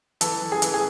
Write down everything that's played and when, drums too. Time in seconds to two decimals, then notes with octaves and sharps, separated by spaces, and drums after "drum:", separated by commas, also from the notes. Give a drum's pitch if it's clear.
0.21 E3 A4, drum: hi-hat
0.42 E3
0.52 G#4
0.62 E3, drum: hi-hat
0.74 G#4